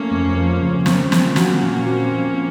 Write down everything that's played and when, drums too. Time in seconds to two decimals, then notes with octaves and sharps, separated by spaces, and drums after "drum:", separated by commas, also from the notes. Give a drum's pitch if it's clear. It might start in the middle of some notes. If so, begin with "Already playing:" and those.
Already playing: A3 A#3 C#4
0.11 F2
0.36 F3
0.61 C#3
0.86 A#3 C4 C#4, drum: snare
1.12 F3, drum: snare
1.36 F#4, drum: snare
1.62 A#2
1.87 C4
2.12 F3